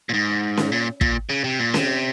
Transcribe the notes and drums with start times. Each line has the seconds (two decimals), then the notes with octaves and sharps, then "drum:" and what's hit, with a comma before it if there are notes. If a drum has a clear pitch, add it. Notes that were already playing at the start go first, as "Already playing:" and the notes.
0.09 A#2
0.14 G#2
0.57 drum: snare C#4
0.72 A#2
1.01 A#2, drum: kick
1.29 C#3
1.44 C3
1.59 A#2
1.74 C3, drum: snare C#4